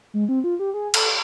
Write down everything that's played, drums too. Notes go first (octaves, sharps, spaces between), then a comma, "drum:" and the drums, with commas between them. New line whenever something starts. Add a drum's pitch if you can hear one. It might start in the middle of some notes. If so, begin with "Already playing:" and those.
G#3
C4
F4
G4
G#4
A4, drum: cymbal